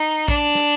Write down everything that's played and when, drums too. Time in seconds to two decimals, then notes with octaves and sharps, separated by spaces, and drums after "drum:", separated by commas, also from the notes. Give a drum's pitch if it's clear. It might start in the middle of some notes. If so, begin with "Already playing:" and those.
Already playing: D#4
0.28 D4, drum: kick, hi-hat
0.55 drum: snare